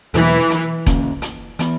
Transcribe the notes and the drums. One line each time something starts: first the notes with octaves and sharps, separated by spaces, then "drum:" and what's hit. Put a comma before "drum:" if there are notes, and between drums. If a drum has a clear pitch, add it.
E2 B2 E3 F#3 A#3, drum: hi-hat
drum: hi-hat
D3 A#3 C#4, drum: kick E1, hi-hat
drum: hi-hat
E3 B3, drum: hi-hat